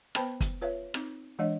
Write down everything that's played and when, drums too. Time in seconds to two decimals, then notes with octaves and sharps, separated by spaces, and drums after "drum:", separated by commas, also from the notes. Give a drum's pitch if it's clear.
0.15 B3 B4 C5 G5 A5 B5, drum: rim click
0.40 drum: kick, hi-hat
0.62 F4 B4 C#5 E5 F5
0.94 C4 D#4, drum: rim click
1.39 E3 G#3 D4 C#5 D#5 F5